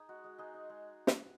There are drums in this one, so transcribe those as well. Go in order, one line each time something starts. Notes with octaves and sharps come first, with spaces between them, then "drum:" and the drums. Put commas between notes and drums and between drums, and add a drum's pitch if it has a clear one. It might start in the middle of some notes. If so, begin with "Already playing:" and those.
Already playing: D#4 G#4
G#3 F#4
G#3
G#3 D#4 G#4
D#4
G#3
drum: snare